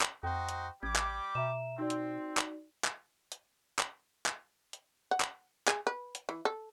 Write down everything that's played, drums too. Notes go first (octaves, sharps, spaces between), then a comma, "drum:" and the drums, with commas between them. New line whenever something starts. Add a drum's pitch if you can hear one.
drum: clap
F2 D#4 F#4 C5 G5
drum: hi-hat
A1 G3 G4 D6 G#6
drum: clap
B2 E5 A#5 E7
C4 D#4 F#4 D5
drum: hi-hat
drum: clap
drum: clap
drum: hi-hat
drum: clap
drum: clap
drum: hi-hat
F#5
drum: clap
G#4, drum: clap
B4
drum: hi-hat
E3
A4